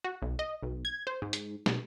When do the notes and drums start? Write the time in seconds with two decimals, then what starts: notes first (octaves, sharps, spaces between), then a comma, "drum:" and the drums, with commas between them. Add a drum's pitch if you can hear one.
0.04 F#4
0.22 B1
0.39 D#5
0.63 B1
0.85 G#6
1.07 C5
1.22 G#2
1.33 drum: hi-hat
1.66 B2, drum: snare